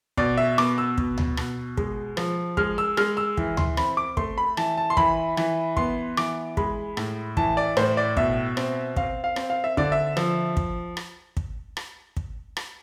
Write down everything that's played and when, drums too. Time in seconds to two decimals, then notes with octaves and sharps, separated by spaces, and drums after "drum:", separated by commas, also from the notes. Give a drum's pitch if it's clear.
0.17 B2 D5, drum: kick
0.38 E5
0.58 B3 D6, drum: rim click
0.78 E6
0.98 B2, drum: kick
1.18 drum: tom D2
1.37 B2, drum: rim click
1.77 G#3, drum: kick
2.17 F3, drum: rim click
2.57 G#3 F6, drum: kick
2.78 E6
2.97 G#3 F6, drum: rim click
3.17 E6
3.37 E3, drum: kick
3.57 C6, drum: tom D2
3.77 C4 B5, drum: rim click
3.97 D6
4.17 A3 C6, drum: kick
4.38 B5
4.57 E3 A5, drum: rim click
4.77 A5
4.90 C6
4.97 E3 B5, drum: kick
5.37 E3, drum: rim click
5.77 B3 C6, drum: kick
6.17 E3 D6, drum: rim click
6.57 G#3 B5, drum: kick
6.97 A2, drum: rim click
7.37 E3 A5, drum: kick
7.57 D5
7.77 A2 C5, drum: rim click
7.97 D5
8.17 B2 E5, drum: kick
8.57 C4, drum: rim click
8.96 C4 F5, drum: kick
9.24 F5
9.36 C4, drum: rim click
9.50 F5
9.64 E5
9.77 D3 D5, drum: kick
9.92 E5
10.17 F3, drum: rim click
10.57 drum: kick
10.97 drum: rim click
11.37 drum: kick
11.77 drum: rim click
12.17 drum: kick
12.57 drum: rim click